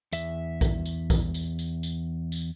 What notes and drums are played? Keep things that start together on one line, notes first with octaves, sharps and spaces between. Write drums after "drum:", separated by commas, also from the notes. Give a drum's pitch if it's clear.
E2 E5, drum: tambourine
drum: kick A#1, tambourine
drum: tambourine
drum: kick A#1, tambourine
drum: tambourine
drum: tambourine
drum: tambourine
drum: tambourine